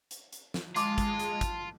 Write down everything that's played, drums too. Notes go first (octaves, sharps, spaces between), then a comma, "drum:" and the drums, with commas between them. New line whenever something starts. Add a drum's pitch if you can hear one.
drum: hi-hat
drum: hi-hat
drum: snare
G#3 F4 A5 C6 D6, drum: hi-hat
drum: kick, hi-hat
drum: hi-hat
drum: kick, hi-hat